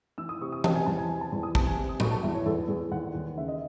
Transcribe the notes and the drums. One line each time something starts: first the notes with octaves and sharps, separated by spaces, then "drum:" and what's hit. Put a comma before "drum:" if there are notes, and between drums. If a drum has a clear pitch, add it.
E3 E6
D#6
C3 C#6
D#6
C3 A5, drum: tom E3
G#5
E2 A5
G#5
C3 G#5
A5
E2
D#6
C3 A5, drum: kick
G#5
C3
D#6
F#3 C#6, drum: tom A2
A5
E2 E5
C#5
E2 A4
E2 G#4
D#2 F#5
D#2
C#3 E5
D#5